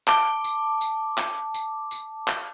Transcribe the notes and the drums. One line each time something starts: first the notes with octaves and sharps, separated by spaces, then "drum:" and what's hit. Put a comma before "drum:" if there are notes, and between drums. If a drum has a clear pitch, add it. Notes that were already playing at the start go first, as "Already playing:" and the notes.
A5 D6, drum: clap
drum: tambourine
drum: tambourine
drum: clap
drum: tambourine
drum: tambourine
drum: clap